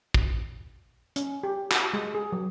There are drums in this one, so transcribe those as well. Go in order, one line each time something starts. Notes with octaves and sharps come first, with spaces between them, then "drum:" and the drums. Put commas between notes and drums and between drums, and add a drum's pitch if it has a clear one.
drum: kick
C#4, drum: hi-hat
G4
F#4, drum: clap
G#3
G#4
F#3